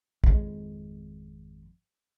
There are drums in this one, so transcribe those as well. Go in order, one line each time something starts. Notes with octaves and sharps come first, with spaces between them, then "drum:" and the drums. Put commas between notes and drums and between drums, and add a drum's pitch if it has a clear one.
G#1 F2 G#3, drum: kick